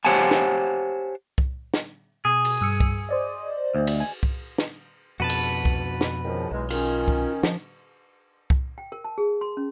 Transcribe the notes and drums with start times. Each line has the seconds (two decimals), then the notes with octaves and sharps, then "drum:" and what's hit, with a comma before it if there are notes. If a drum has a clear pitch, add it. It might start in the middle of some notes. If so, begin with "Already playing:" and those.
0.05 G4 C5 C#5 F#5 G#5 A5
0.31 drum: snare
1.38 drum: kick C2
1.74 drum: snare
2.25 B2 G#4
2.45 drum: cymbal
2.61 G2 E6 C#7
2.80 drum: kick C2
3.09 C5 D5 D#5
3.75 D2
3.87 drum: cymbal
4.00 G#5
4.23 drum: kick C2
4.58 drum: snare
5.20 F2 B2 F#4 B4 A5
5.30 drum: cymbal
5.65 drum: kick C2
6.01 drum: snare
6.25 C#2 D#3 F3
6.51 B1 E2 G#3
6.70 D#3 C#4 F4, drum: cymbal
7.08 drum: kick C2
7.43 F3, drum: snare
8.50 drum: kick C2
8.78 G5
8.92 A#4
9.04 A5
9.18 G#4
9.41 C6
9.57 C#4